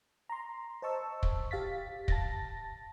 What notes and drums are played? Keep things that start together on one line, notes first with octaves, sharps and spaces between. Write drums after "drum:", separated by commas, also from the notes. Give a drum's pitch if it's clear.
A#5 C6
C5 D#5 A5 C#6 E6
drum: kick
G4 F5 A6 B6
A5 A6 A#6, drum: kick